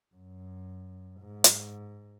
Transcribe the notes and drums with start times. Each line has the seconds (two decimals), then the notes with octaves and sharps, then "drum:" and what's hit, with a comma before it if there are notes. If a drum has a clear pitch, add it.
0.15 F#2
1.21 G#2
1.44 drum: hi-hat